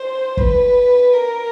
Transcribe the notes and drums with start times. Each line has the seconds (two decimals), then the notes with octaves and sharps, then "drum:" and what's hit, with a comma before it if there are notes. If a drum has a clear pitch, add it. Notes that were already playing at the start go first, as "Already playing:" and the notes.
Already playing: C5
0.37 B4, drum: kick
1.13 A#4